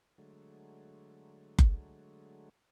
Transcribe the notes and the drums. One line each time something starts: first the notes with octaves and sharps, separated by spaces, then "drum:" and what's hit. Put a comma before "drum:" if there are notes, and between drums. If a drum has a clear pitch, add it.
D3 F#3 G#3 A3
drum: kick F#1